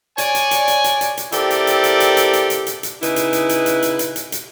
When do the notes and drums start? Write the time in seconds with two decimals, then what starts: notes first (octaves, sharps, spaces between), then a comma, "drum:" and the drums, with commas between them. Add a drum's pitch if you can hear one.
0.18 C#5 D5 G#5, drum: hi-hat
0.35 drum: hi-hat
0.51 drum: hi-hat
0.68 drum: hi-hat
0.84 drum: hi-hat
1.01 drum: hi-hat
1.17 drum: hi-hat
1.32 C4 E4 G4 A4 A#4 D5, drum: hi-hat
1.51 drum: hi-hat
1.67 drum: hi-hat
1.84 drum: hi-hat
2.00 drum: hi-hat
2.17 drum: hi-hat
2.33 drum: hi-hat
2.50 drum: hi-hat
2.67 drum: hi-hat
2.83 drum: hi-hat
3.03 C#3 D#4 E4 B4, drum: hi-hat
3.16 drum: hi-hat
3.33 drum: hi-hat
3.49 drum: hi-hat
3.66 drum: hi-hat
3.82 drum: hi-hat
3.99 drum: hi-hat
4.16 drum: hi-hat
4.32 drum: hi-hat